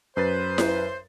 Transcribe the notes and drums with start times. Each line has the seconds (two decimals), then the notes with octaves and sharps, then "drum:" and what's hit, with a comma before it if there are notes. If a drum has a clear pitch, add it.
0.17 F#2 B4 C5 A6
0.58 drum: snare E4